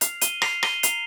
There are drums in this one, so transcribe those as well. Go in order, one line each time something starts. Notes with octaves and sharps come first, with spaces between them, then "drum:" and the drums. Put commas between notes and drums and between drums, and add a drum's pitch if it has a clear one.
F6 C7 F7, drum: hi-hat
D#7 G7, drum: hi-hat
F6 C7 F7, drum: rim click
D#7 G7, drum: rim click
A#5 C7 F7, drum: hi-hat